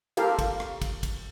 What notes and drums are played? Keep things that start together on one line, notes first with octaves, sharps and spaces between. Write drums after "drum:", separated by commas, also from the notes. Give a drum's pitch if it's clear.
F4 G4 A4 A#4 F5, drum: cymbal
drum: kick, cymbal
drum: rim click
drum: kick, cymbal
drum: kick, cymbal